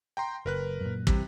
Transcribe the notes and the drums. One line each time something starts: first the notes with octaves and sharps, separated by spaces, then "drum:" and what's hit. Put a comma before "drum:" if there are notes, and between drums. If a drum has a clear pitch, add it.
G5 A#5 C6
F#1 A#4 B4 F#6
F#2 A#2
C3 E3 G3, drum: kick